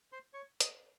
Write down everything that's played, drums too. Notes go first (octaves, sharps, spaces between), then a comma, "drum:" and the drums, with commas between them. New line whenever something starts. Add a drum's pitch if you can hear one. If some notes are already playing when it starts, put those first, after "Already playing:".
C5 C6
C#5 C#6
D#5 D#6, drum: hi-hat